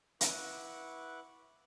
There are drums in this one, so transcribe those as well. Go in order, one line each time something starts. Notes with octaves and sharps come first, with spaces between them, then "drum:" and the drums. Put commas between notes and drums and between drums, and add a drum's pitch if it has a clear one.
E4 B4 F#5 C#6 D6 F#6, drum: hi-hat